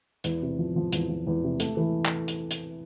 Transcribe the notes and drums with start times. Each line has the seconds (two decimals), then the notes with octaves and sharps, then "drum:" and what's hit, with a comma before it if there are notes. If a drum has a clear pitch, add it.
0.24 E2, drum: hi-hat
0.42 C3
0.59 F3
0.76 F3
0.93 E2, drum: hi-hat
1.09 F3
1.27 E2
1.44 C3
1.60 A3, drum: hi-hat
1.77 E3
2.05 drum: clap
2.28 drum: hi-hat
2.51 drum: hi-hat